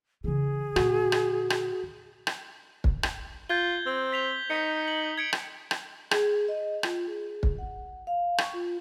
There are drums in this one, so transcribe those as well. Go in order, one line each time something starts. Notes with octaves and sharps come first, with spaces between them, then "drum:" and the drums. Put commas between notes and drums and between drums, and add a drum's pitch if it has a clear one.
C#3 E3 G#4
A#2 D3 F#4, drum: rim click
drum: rim click
drum: rim click
drum: rim click
drum: kick
drum: rim click
F4 G6 G#6 G7
C4
B6 F7 G7
D#4 B6 C#7
F#7
G#6 C#7 D7
drum: rim click
drum: rim click
G#4, drum: rim click
D#5
F4, drum: rim click
G#4
G#4
drum: kick
F#5
F5
C#6, drum: rim click
F4